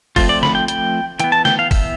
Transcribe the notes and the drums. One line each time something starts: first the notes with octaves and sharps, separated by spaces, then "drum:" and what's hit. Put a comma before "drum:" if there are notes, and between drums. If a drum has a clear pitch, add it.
F3 A3 C4 F4, drum: kick G1, open hi-hat
D5
B5, drum: snare
G5
G5, drum: hi-hat
E3 B3 G5, drum: hi-hat
A5
G5, drum: snare
F5
E5, drum: kick G1, open hi-hat